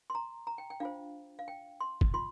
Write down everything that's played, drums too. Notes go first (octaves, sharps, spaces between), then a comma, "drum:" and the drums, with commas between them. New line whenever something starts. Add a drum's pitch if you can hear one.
C6
A#5
A#5
G5
G5
D4 F4 C5 F5
F5
G5
C6
drum: kick
F4 C6